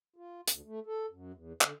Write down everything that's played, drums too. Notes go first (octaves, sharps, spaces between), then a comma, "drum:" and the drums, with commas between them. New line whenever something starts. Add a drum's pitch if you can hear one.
F4
D2, drum: hi-hat
A3
A4
F#2
E2
D3, drum: clap